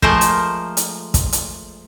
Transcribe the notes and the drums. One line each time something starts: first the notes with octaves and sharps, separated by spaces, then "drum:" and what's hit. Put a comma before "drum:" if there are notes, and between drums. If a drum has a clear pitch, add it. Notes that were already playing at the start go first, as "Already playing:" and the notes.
F3 G#3 A3 A#4 C5, drum: kick
drum: hi-hat
drum: hi-hat
drum: kick, hi-hat
drum: hi-hat